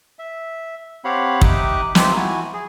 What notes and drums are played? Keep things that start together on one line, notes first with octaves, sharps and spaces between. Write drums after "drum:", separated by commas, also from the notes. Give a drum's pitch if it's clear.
E5
C4 G4 C#5 F5 F#5 B5
D#4 G4 E5 D6 D#6 F#6, drum: kick
C4 D#4 F4 G4 E5, drum: snare
E4 F#4 G#5
G#4